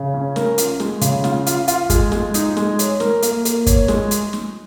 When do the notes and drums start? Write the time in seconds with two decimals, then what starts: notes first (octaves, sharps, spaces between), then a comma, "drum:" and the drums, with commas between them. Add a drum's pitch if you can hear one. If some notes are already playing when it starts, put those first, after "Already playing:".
Already playing: C#3
0.14 C#4
0.36 A#4, drum: snare
0.58 F4, drum: hi-hat
0.80 G#3, drum: snare
1.01 C#3, drum: hi-hat
1.24 F4, drum: snare
1.46 F4, drum: hi-hat
1.68 F4, drum: hi-hat
1.90 G#3, drum: kick, hi-hat
2.12 G#3, drum: snare
2.34 D#4, drum: hi-hat
2.57 G#3, drum: snare
2.79 C#5, drum: hi-hat
3.00 A#4, drum: snare
3.22 A#3, drum: hi-hat
3.45 A#3, drum: hi-hat
3.66 C#5, drum: kick, hi-hat
3.88 G#3, drum: snare
4.11 drum: hi-hat
4.33 drum: snare